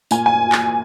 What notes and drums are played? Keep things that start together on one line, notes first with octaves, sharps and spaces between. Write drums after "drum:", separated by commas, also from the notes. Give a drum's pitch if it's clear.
A#2 G#5, drum: tambourine
G#5
drum: clap